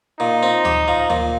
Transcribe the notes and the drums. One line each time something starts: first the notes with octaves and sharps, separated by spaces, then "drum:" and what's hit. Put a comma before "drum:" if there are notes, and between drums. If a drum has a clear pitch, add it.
A#2 D#4
C4
G4, drum: tom D2
F3
A#2, drum: tom D2